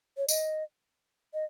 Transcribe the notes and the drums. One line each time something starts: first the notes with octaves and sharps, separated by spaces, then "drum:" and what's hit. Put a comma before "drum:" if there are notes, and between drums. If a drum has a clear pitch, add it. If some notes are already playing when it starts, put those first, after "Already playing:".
C#5
D#5, drum: tambourine
D#5